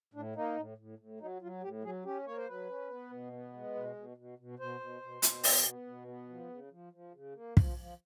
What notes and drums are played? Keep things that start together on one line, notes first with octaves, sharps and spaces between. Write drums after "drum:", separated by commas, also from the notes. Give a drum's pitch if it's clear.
A2 D4
A#3 D#4
A2
A2
A2
F#3 D#4
F#3 F4
A2 G4
F#3 G#4
C#4 G4
A#3 C#5
C5
F#3 B4
C#4
B3
B2
B3
G#3
B2
B2
B2
B2
B2 C5
B2
B2
B2, drum: hi-hat
B3, drum: open hi-hat
B3
B2
B3
F3
C#3
F3
F3
C#3
A#3
F3, drum: kick
F3